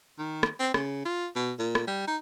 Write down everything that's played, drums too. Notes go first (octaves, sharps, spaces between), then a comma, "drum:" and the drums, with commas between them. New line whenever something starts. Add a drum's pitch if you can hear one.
D#3
drum: rim click
C4
C#3, drum: rim click
F4
B2
A#2
drum: rim click
G3
D#4